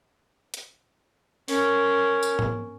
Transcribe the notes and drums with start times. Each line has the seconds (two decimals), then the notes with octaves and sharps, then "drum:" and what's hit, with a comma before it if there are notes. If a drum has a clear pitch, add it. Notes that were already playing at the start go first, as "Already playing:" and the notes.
0.54 drum: hi-hat
1.48 C#4 A#4, drum: open hi-hat
2.23 drum: tambourine
2.39 drum: tom G#2